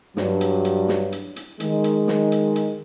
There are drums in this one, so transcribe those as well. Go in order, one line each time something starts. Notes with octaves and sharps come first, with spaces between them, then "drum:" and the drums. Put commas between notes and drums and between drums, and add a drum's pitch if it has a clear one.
G2 F#3, drum: snare
drum: hi-hat
drum: hi-hat
drum: snare
drum: hi-hat
drum: hi-hat
D#3 G#3, drum: hi-hat
drum: hi-hat
drum: snare
drum: hi-hat
drum: hi-hat